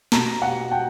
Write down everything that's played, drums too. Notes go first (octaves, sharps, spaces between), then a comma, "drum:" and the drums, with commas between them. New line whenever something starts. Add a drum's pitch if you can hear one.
B2 A#5, drum: snare
F#5
G5